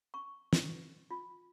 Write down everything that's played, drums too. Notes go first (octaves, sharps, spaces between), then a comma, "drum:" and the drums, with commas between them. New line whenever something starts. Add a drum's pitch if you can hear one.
C#6
drum: snare
F4